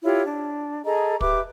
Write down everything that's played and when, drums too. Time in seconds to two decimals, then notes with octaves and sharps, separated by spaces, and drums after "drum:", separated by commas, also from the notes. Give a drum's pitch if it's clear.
0.03 E4 F4 G4 C#5
0.26 D4
0.86 G#4 A4 D#5 A#5
1.21 G4 B4 E5 D6, drum: kick